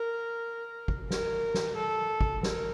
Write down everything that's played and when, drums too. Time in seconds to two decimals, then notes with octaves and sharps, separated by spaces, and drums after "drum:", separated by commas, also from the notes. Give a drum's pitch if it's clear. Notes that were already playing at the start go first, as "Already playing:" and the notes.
Already playing: A#4
0.88 drum: kick
1.11 A#4, drum: snare
1.54 drum: snare
1.76 A4
2.21 drum: kick
2.43 A#4, drum: snare